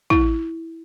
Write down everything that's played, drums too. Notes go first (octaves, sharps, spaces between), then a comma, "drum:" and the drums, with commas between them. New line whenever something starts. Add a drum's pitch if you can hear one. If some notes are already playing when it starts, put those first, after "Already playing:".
E4, drum: kick